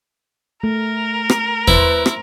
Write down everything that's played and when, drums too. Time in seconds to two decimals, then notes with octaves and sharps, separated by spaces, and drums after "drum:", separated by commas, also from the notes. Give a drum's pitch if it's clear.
0.64 A3 A#4
1.30 drum: rim click
1.68 E4 B4 C5, drum: kick E2
2.06 drum: rim click